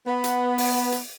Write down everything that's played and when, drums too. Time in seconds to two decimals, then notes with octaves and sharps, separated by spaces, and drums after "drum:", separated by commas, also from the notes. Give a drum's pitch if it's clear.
0.07 B3
0.24 drum: hi-hat
0.58 drum: open hi-hat
0.92 drum: hi-hat